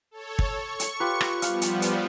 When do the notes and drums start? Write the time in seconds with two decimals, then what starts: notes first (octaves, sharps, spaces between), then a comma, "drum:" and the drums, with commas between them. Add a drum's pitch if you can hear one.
0.11 A4 C#5
0.39 drum: kick
0.53 C#6
0.80 drum: hi-hat
1.00 F4 G4 B4
1.21 drum: rim click
1.42 F3 G3 B3 F5, drum: hi-hat
1.62 drum: hi-hat
1.82 drum: hi-hat